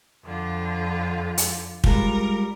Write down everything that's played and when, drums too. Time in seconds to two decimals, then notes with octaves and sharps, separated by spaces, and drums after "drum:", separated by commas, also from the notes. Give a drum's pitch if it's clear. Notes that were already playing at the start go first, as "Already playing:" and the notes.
0.23 F2 D3 F4
1.38 drum: hi-hat
1.84 G3 G#3 F4 A#4, drum: kick